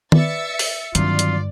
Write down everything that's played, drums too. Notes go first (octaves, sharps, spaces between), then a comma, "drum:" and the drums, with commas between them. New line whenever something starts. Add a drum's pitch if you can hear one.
B4 D5 E5 A6 C#7, drum: tom D#3
drum: open hi-hat
G2 D3 D#3 F#3 C4 F4 D5, drum: hi-hat
drum: hi-hat